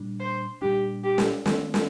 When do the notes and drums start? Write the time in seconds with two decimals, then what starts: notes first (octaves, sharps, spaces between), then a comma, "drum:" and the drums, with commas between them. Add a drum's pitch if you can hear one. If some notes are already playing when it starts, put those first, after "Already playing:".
Already playing: A#2 G3 D4
0.20 C5
0.62 A#2 G3 D4 G4
1.04 G4
1.18 drum: snare
1.46 D#3 A3 C4, drum: snare
1.74 drum: snare